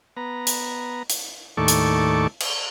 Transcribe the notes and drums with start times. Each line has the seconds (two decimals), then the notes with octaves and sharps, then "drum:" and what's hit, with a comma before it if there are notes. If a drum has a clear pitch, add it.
0.17 B3 A#5
0.47 drum: hi-hat
1.10 drum: hi-hat
1.57 D#2 A2 A4 D5 C#6
1.68 drum: hi-hat
2.40 drum: cymbal